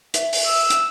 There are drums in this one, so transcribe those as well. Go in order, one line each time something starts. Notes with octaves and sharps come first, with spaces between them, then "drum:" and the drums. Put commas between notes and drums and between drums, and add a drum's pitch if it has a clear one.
E5, drum: hi-hat
drum: open hi-hat
E6
drum: hi-hat